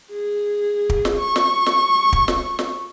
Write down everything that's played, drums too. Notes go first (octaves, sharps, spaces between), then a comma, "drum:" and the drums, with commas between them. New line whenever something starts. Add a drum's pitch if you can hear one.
G#4
drum: kick
drum: snare
C#6
drum: snare
drum: snare
drum: kick
drum: snare
drum: snare